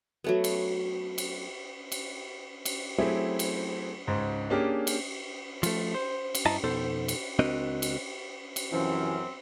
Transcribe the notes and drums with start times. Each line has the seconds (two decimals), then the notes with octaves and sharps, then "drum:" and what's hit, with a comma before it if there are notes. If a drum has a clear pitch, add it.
0.24 F#3 A3 B3
0.44 drum: cymbal
1.18 drum: cymbal
1.92 drum: cymbal
2.65 drum: cymbal
2.98 F#3 A3 C4 E4 G4 G#4
3.39 drum: cymbal
4.07 C#2 G#2 C5
4.50 A#3 C#4 D4 G4 G#4 A#4
4.87 drum: cymbal
5.63 F3 A3, drum: cymbal
5.95 C5
6.35 drum: cymbal
6.46 G2 E4 D#5 A5 A#5
6.64 F2 B2 B3 D#4 A4 C5
7.08 drum: cymbal
7.39 C#2 C4 D4 F#4 A#4 D#5
7.82 drum: cymbal
8.56 drum: cymbal
8.72 F#2 C3 E3 F3 C4 C#4